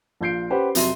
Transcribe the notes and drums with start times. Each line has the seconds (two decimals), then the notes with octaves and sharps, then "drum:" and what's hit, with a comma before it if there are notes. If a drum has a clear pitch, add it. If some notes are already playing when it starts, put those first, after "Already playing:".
0.21 A#1 F4 G6 C7 D7
0.50 C#4 G4 B4 C5 F#5
0.75 F2 C3 F#3 E5 C6 D#7, drum: hi-hat